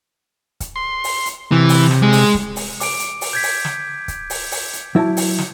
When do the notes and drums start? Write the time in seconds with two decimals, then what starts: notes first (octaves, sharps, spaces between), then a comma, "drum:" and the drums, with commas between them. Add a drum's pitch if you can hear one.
0.60 drum: kick, hi-hat
0.76 C6
1.04 drum: open hi-hat
1.26 drum: hi-hat
1.52 C3 E3
1.69 drum: open hi-hat
1.91 drum: snare
2.02 G#3
2.12 drum: open hi-hat
2.34 drum: kick
2.56 drum: open hi-hat
2.80 D6 D7, drum: open hi-hat
2.99 drum: hi-hat
3.21 drum: open hi-hat
3.33 G6 G#6 B6
3.43 drum: open hi-hat
3.65 drum: snare
4.08 drum: kick, hi-hat
4.30 drum: open hi-hat
4.52 drum: open hi-hat
4.73 drum: hi-hat
4.95 F#3 E4 A5
5.17 drum: open hi-hat
5.38 drum: snare